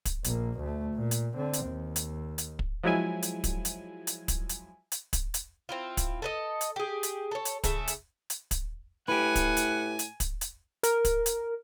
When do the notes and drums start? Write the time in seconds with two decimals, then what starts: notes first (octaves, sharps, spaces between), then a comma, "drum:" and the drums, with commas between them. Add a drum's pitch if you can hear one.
0.05 drum: kick, hi-hat
0.24 A#1 A#3, drum: hi-hat
0.61 D2 A3
0.94 A#2
1.11 drum: hi-hat
1.34 D3 C4
1.53 drum: hi-hat
1.66 D#2
1.96 drum: hi-hat
2.38 drum: hi-hat
2.59 drum: kick
2.84 F3 F#3 G#3 E4 G#5
3.22 drum: hi-hat
3.44 drum: kick, hi-hat
3.65 drum: hi-hat
4.07 drum: hi-hat
4.28 drum: kick, hi-hat
4.49 drum: hi-hat
4.92 drum: hi-hat
5.13 drum: kick, hi-hat
5.34 drum: hi-hat
5.69 C4 E4 F4
5.97 drum: kick, hi-hat
6.22 A4 B4 D#5
6.61 drum: hi-hat
6.76 G4 G#4
7.03 drum: hi-hat
7.31 A4 C#5
7.45 drum: hi-hat
7.64 C#3 A3 E5, drum: kick, hi-hat
7.87 drum: hi-hat
8.30 drum: hi-hat
8.51 drum: kick, hi-hat
9.08 A2 G4 B4 F#5 G#5
9.35 drum: kick, hi-hat
9.57 drum: hi-hat
9.99 drum: hi-hat
10.20 drum: kick, hi-hat
10.41 drum: hi-hat
10.83 A#4, drum: hi-hat
11.05 drum: kick, hi-hat
11.26 drum: hi-hat